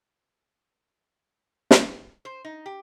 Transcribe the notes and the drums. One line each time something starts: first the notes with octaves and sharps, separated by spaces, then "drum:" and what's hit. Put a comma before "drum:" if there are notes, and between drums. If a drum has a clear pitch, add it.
drum: snare
C5
D#4
G4